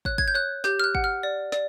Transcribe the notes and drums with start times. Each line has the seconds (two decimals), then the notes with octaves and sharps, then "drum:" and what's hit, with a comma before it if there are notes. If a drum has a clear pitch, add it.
0.05 C#5 F#6, drum: kick
0.18 G#6, drum: kick
0.28 G6
0.35 C#5 F#6
0.64 G4 G6, drum: snare
0.80 F6
0.84 F#6
0.95 F#5, drum: kick
1.04 F6
1.23 D5
1.52 D5, drum: snare